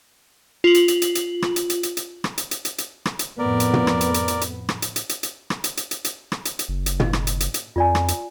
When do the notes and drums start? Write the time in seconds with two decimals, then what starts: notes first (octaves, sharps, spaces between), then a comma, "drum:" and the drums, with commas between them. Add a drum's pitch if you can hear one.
0.64 F4 F#7
0.74 drum: hi-hat
0.88 drum: hi-hat
1.02 drum: hi-hat
1.15 drum: hi-hat
1.42 drum: rim click
1.56 drum: hi-hat
1.70 drum: hi-hat
1.83 drum: hi-hat
1.97 drum: hi-hat
2.24 drum: rim click
2.38 drum: hi-hat
2.51 drum: hi-hat
2.65 drum: hi-hat
2.78 drum: hi-hat
3.06 drum: rim click
3.19 drum: hi-hat
3.39 F2 A2 B3 A#4 D5
3.60 drum: hi-hat
3.73 drum: tom
3.87 drum: rim click
4.01 drum: hi-hat
4.14 drum: hi-hat
4.28 drum: hi-hat
4.41 drum: hi-hat
4.69 drum: rim click
4.82 drum: hi-hat
4.96 drum: hi-hat
5.09 drum: hi-hat
5.23 drum: hi-hat
5.50 drum: rim click
5.64 drum: hi-hat
5.77 drum: hi-hat
5.91 drum: hi-hat
6.05 drum: hi-hat
6.32 drum: rim click
6.45 drum: hi-hat
6.59 drum: hi-hat
6.69 F#1
6.86 drum: hi-hat
7.00 D#5, drum: tom
7.13 drum: rim click
7.27 drum: hi-hat
7.40 drum: hi-hat
7.54 drum: hi-hat
7.76 F2 F4 D5 G#5
7.95 drum: rim click
8.08 drum: hi-hat